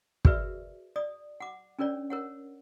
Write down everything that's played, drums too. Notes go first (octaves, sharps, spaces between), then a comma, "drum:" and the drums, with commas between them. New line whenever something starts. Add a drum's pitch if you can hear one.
F#4 G#4 A#4 B4 D5 E5, drum: kick
D5 D#6
F#5 D6
C#4 D4 A#4 C#5 D5
A#4 C#5 F#5